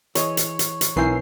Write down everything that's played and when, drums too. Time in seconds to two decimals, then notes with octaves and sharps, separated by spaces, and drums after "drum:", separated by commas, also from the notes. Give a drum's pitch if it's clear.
0.15 E3 G#4 C#5 D#5, drum: hi-hat
0.37 drum: hi-hat
0.59 drum: hi-hat
0.81 drum: hi-hat
0.96 B1 E3 C4 E4 A#4 G#5 G6 C7